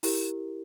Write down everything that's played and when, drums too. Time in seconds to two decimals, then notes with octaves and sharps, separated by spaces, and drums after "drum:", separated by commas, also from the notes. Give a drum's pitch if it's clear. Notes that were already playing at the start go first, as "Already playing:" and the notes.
0.03 E4 G4 A#4, drum: open hi-hat